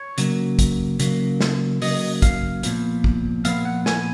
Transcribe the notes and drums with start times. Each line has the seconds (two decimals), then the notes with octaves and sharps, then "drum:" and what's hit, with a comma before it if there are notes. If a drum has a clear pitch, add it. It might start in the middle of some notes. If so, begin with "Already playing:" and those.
Already playing: C#5
0.18 C#3 F#3 A#3, drum: hi-hat
0.59 drum: kick, hi-hat
1.00 C#3 F#3 A#3, drum: hi-hat
1.41 drum: snare
1.82 C#3 F#3 A#3 D#5, drum: open hi-hat
2.22 F5, drum: kick, hi-hat
2.63 A#2 F3 B3, drum: hi-hat
3.04 drum: kick
3.45 A#2 F3 B3 F5, drum: hi-hat
3.65 F#5
3.86 G#5, drum: snare